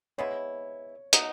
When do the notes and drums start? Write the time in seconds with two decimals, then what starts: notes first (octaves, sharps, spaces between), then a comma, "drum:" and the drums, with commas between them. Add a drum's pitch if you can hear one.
0.18 G#3 B3 E4 C#5
1.13 B2 F#3 B3 D#4, drum: hi-hat